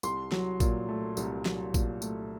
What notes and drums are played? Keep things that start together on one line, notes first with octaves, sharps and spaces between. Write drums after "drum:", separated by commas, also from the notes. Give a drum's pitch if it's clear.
C2 C6, drum: tambourine
F#3, drum: snare
A#2, drum: kick A1, tambourine
A3
C2, drum: tambourine
F#3, drum: snare
A#2, drum: kick A1, tambourine
A3, drum: tambourine